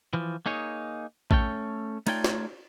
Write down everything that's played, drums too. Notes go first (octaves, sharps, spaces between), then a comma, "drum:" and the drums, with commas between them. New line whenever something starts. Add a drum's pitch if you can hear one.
E3 F3
A#3 D#4 G#4 C#5
A3 C#4 A4 C#5 G5, drum: kick A1
A3 D#4 F4 C#5 D5 G5, drum: cymbal
drum: snare